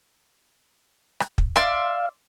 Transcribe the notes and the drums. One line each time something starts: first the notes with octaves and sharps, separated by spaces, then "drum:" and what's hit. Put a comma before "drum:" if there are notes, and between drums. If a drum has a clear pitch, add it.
drum: rim click
drum: kick
D5 E5 F5 C6, drum: rim click